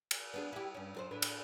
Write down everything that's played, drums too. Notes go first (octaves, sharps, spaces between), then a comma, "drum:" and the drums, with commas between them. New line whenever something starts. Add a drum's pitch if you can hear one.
drum: cymbal
B3 D4 G#4
E4 G4
G2 C#4
F#2 A#4 C5
A2 D4 B4
drum: cymbal